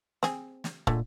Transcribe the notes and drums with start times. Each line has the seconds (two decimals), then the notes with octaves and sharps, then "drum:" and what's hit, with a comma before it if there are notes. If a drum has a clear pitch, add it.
0.23 C4 G#4, drum: snare
0.64 drum: snare
0.87 A#2 D3 G#3 A3, drum: kick